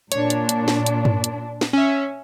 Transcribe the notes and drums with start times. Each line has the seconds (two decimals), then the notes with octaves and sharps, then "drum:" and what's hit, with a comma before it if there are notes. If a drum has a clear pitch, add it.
0.12 A#2 D4 C#5, drum: hi-hat
0.30 drum: hi-hat
0.49 drum: hi-hat
0.68 drum: snare
0.86 drum: hi-hat
1.05 drum: tom G2
1.24 drum: hi-hat
1.61 drum: snare
1.73 C#4 E5